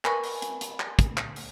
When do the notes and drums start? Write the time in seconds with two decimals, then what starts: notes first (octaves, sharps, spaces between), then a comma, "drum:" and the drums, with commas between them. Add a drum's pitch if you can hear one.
0.05 A#4 B4 G#5 B5 C#6, drum: clap
0.24 drum: open hi-hat
0.42 drum: hi-hat
0.61 drum: hi-hat
0.80 drum: clap
0.99 drum: kick, hi-hat
1.17 drum: clap
1.36 drum: open hi-hat